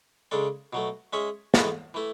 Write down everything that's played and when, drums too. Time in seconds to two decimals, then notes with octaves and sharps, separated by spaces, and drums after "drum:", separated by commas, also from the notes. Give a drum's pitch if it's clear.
0.31 C#3 G#3 D4 A4
0.73 B2 F#3 A3
1.13 G#3 C#4 G#4 C#5 E5
1.54 A2 E3 G#3 B3 F#4, drum: snare
1.94 E3 A3 E4